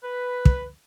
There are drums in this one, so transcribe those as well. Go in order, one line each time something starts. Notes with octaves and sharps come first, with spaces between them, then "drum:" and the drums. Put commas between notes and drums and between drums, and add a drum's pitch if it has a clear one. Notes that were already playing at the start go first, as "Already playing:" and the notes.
B4
drum: kick